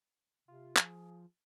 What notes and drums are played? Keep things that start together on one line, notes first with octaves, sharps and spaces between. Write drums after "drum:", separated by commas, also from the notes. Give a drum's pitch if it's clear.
C3 F4
F3 G#4, drum: clap